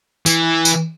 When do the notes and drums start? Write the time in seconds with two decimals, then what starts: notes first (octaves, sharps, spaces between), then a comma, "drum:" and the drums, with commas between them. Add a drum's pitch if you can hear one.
0.26 E3, drum: tambourine
0.65 drum: tambourine